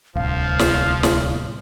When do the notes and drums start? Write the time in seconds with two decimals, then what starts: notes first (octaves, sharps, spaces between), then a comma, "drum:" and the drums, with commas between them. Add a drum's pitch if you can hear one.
0.16 D1 C2 F3 F5
0.59 drum: snare
1.03 drum: snare